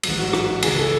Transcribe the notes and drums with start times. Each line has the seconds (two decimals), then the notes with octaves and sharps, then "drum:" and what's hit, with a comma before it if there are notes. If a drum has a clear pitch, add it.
0.03 A1 G#2 F#3, drum: cymbal
0.19 F#4
0.33 drum: rim click
0.62 C#2 C#3 E3 G#4, drum: cymbal
0.78 A4